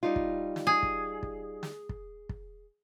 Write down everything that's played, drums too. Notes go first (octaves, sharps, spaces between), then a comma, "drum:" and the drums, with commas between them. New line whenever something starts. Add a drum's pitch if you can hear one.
G3 D#4 F4
drum: kick
drum: snare
G#4
drum: kick
drum: kick
drum: snare
drum: kick
drum: kick